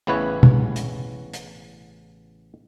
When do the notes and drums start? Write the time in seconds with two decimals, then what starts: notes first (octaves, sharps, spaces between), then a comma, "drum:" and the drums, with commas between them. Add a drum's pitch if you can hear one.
0.07 A1 C#3 B3 E4 B4 C#5
0.43 drum: tom
0.76 drum: hi-hat
1.34 drum: hi-hat